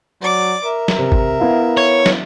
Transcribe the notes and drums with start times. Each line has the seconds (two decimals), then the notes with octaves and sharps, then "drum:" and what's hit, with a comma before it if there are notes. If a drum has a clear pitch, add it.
0.22 F#3 D5 D6
0.65 A#4 E5
0.88 drum: snare
0.98 C3
1.12 drum: kick
1.40 B3 E4 F5
1.77 C#5
2.06 drum: snare